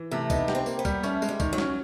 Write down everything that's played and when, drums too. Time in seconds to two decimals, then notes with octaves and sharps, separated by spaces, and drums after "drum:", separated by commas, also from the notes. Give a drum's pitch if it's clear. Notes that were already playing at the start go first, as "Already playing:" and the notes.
Already playing: E3
0.11 C3 A3
0.30 B3 D#4, drum: kick, tambourine
0.48 G4, drum: snare
0.55 C4
0.66 A#3, drum: tambourine
0.79 B3
0.85 G3, drum: kick, tambourine
1.03 A3 C#4, drum: tambourine
1.22 G#3, drum: tambourine
1.29 G3
1.40 D#3, drum: kick, tambourine
1.53 F#3
1.58 C#4, drum: snare